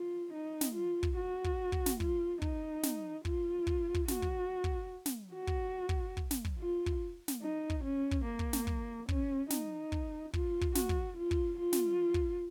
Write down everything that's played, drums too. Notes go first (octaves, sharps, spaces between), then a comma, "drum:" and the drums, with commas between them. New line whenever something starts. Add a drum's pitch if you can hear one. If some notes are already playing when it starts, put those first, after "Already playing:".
Already playing: F4
D#4
drum: snare
F4
drum: kick
F#4
drum: kick
drum: kick
drum: snare
F4, drum: kick
D#4, drum: kick
drum: snare
F4, drum: kick
drum: kick
drum: kick
F#4, drum: snare
drum: kick
drum: kick
drum: snare
F#4
drum: kick
drum: kick
drum: kick
drum: snare
drum: kick
F4
drum: kick
drum: snare
D#4
drum: kick
C#4
drum: kick
A#3
drum: kick
drum: snare
drum: kick
C#4, drum: kick
D#4, drum: snare
drum: kick
F4, drum: kick
drum: kick
F#4, drum: snare
drum: kick
F4
drum: kick
F4
drum: snare
drum: kick